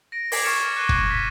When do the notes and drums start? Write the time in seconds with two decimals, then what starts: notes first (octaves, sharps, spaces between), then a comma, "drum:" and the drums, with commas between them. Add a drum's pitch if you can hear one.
0.12 A#6 D7
0.32 D6 G#6 B6 C7 D7 F#7, drum: open hi-hat
0.44 C#6 F6 A6 C#7 D7 E7
0.77 F#6 C7 D#7 G7
0.89 drum: kick
1.10 B6